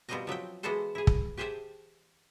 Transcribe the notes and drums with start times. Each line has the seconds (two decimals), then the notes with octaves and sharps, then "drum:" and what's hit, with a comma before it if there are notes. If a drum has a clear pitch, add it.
0.09 B2 F3 G3 C4 D#5 A#5
0.27 F3 F#3 E5 G5
0.63 E3 G#3 B3 F#4 A4 C5
0.95 E4 G#4
1.07 drum: kick
1.37 G4 G#4 C5 E5 G5 A5